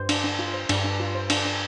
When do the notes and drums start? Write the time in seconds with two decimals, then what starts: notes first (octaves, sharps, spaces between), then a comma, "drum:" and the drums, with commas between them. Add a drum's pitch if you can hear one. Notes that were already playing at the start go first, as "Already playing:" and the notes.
Already playing: G2 C5
0.09 D4, drum: cymbal
0.24 D4
0.39 F4
0.54 C5
0.69 G2 D4, drum: cymbal
0.84 D4
1.00 F4
1.15 C5
1.30 D4, drum: cymbal
1.45 D4